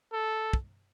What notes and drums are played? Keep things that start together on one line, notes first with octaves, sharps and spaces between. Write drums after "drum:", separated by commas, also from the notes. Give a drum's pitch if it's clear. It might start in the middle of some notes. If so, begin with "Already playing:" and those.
A4
drum: kick